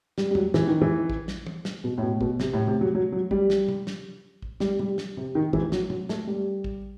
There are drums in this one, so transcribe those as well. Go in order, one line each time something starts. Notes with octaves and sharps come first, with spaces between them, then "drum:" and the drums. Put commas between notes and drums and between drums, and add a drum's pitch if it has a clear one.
G3, drum: snare
G3
F#3, drum: tom E2
E3, drum: snare
D#3
E3
drum: kick A1
drum: snare
drum: tom
drum: snare
B2
A2
B2
B2, drum: kick A1
C3, drum: snare
A2
C3
F#3
F#3
F#3
G3, drum: kick A1
drum: snare
drum: tom
drum: snare
drum: kick A1
G3, drum: snare
G3, drum: tom
drum: snare
C3
D#3
E3, drum: kick A1
F#3, drum: snare
F#3, drum: tom
A3, drum: snare
G3
drum: kick A1